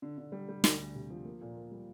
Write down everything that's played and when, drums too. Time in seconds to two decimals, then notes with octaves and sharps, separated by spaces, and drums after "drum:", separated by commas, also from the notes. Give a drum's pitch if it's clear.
0.02 D3
0.18 D3
0.32 G3
0.49 G3
0.64 D2, drum: snare
0.79 D2
0.95 C3
1.10 F3
1.25 A#3
1.41 A#2
1.57 A#3
1.71 G3